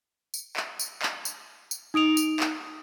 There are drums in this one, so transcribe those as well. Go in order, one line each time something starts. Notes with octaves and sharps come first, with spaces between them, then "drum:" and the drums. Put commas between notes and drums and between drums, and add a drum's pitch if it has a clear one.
drum: tambourine
drum: clap
drum: tambourine
drum: clap
drum: tambourine
drum: tambourine
D#4 D#6 D7 F7
drum: tambourine
drum: clap